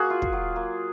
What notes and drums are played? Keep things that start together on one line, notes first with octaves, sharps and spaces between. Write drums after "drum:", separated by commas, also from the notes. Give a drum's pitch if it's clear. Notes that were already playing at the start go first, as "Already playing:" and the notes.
Already playing: A#3 F#4 G#4
F4
drum: kick
F#3
A#3